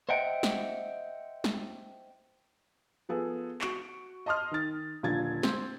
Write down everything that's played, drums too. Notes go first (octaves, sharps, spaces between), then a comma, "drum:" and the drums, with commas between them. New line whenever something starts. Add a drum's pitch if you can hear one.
C5 D#5 E5 F#5 G5
drum: snare
drum: snare
F3 B3 G#4 A4
F#4 C#6 D7, drum: clap
D#5 A5 C6 D#6 F6
D#3 A6
D#1 D3 F3 G#6 A6
C4, drum: snare